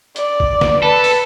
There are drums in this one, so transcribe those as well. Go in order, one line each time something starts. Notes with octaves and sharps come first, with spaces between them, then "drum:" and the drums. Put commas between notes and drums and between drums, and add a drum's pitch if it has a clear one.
D5, drum: hi-hat
drum: kick
drum: snare
A4 B4 A5
drum: open hi-hat